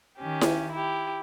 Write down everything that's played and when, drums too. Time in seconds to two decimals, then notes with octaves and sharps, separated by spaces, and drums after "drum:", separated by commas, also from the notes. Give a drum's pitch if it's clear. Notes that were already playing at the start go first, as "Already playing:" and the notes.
0.17 D#3 C#4 G4
0.41 drum: snare E4
0.72 E4 G4